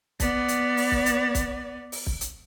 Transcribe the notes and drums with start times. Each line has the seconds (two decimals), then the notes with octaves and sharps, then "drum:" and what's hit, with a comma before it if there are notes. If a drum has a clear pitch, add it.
0.20 B3 D5, drum: kick, hi-hat
0.48 drum: hi-hat
0.77 drum: open hi-hat
0.92 drum: kick
1.06 drum: hi-hat
1.35 drum: kick, hi-hat
1.92 drum: open hi-hat
2.06 drum: kick
2.21 drum: hi-hat